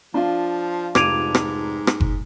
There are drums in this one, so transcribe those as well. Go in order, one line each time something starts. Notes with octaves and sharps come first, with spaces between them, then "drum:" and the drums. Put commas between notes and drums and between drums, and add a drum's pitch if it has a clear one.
F3 D4 F4
F1 G#2 D6 G#6 D7 D#7 F7, drum: rim click
drum: rim click
drum: rim click
drum: kick F#1